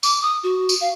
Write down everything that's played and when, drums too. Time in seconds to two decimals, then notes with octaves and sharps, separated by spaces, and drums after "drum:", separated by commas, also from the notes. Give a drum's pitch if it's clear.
0.03 D6, drum: tambourine
0.22 D#6
0.44 F#4
0.69 drum: tambourine
0.81 F5